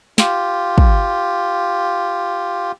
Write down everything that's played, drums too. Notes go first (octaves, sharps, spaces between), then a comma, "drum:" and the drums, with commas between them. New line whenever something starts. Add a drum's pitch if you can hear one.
F4 G4, drum: snare
drum: kick